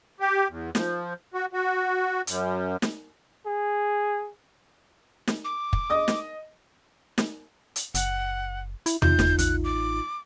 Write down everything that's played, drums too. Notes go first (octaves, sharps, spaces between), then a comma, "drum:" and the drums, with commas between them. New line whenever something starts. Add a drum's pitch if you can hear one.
G4
E2
F3, drum: snare
F#4
F#4
F#2, drum: hi-hat
drum: snare
G#4
drum: snare
D6
drum: kick
D#5 D#6
drum: snare
drum: snare
drum: hi-hat
F#1 F#5, drum: hi-hat
E4, drum: hi-hat
C3 D#4 F4 G6, drum: tom E2
F1, drum: snare
A1 F#6, drum: hi-hat
D6